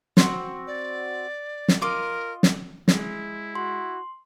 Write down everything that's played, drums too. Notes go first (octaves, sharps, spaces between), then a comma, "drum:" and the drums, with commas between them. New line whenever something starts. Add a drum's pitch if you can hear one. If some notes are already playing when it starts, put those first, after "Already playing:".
C4 F#4, drum: snare
D5
drum: snare
F4 A#4 D#5 D6
drum: snare
G#3 E4, drum: snare
F#4 C6